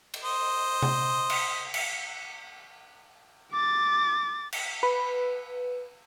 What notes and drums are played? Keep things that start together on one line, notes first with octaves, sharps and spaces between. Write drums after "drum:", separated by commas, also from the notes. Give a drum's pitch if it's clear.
drum: cymbal
C5 D#5
drum: tom C3
drum: cymbal
drum: cymbal
D6 A6
drum: cymbal
B4